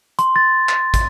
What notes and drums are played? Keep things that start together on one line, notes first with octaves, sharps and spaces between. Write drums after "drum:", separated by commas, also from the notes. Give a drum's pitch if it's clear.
C6, drum: hi-hat
A6
drum: clap
drum: kick, hi-hat